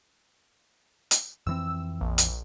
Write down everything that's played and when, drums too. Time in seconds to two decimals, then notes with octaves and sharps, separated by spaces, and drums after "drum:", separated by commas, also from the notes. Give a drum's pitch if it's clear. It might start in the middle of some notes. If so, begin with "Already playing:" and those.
1.11 drum: hi-hat
1.47 F2 E3 C4 E6
2.01 A#1
2.18 drum: hi-hat